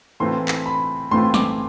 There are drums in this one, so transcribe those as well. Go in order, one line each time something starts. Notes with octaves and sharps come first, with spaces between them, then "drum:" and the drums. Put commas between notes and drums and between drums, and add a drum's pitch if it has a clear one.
A2 E3 A3 C4 F4 C6
drum: clap
B5
A2 E3 A3 C4 F4 C6
D6, drum: snare